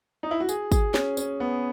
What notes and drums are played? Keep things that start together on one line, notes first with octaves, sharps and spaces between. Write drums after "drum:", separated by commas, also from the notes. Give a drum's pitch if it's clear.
D#4
E4
F#4
G#4, drum: tambourine
G#4, drum: kick, tambourine
C#4, drum: snare
C#4, drum: tambourine
B3